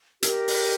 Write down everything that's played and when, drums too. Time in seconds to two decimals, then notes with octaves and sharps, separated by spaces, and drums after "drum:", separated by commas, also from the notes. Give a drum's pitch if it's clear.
0.23 G4 A#4 D#5, drum: hi-hat
0.48 drum: open hi-hat